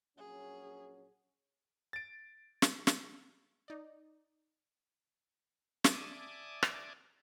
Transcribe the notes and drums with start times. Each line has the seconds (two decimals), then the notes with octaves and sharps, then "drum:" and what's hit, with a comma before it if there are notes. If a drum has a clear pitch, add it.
0.18 A#1 F#3 C#4 G#4
1.93 A6 D7
2.62 drum: snare
2.87 drum: snare
3.68 D#4 D5
5.84 D5 E5 G#5 A5 D6 D#6, drum: snare
6.63 drum: rim click